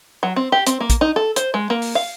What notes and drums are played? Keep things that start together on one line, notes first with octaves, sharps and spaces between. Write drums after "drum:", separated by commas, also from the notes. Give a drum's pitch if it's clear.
F#3
C4
G4
C4, drum: hi-hat
A#3
drum: kick, hi-hat
D#4
A4
C5, drum: hi-hat
G#3
A#3
drum: open hi-hat
F5